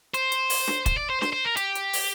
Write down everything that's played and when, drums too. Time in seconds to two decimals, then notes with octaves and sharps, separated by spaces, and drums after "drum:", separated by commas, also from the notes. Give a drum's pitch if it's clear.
0.14 C5, drum: hi-hat
0.32 drum: hi-hat
0.50 drum: open hi-hat
0.68 drum: snare
0.86 C5, drum: kick, hi-hat
0.97 D5
1.10 C5
1.22 C5, drum: snare
1.33 C5
1.45 A#4
1.57 G4, drum: hi-hat
1.75 drum: hi-hat
1.93 drum: open hi-hat